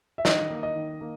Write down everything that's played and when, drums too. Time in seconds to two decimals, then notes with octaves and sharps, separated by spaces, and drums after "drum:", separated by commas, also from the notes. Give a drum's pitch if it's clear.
0.18 E5
0.25 D#3 D#5, drum: snare
0.50 A#3
0.63 D#5
0.75 D#3
1.01 A#3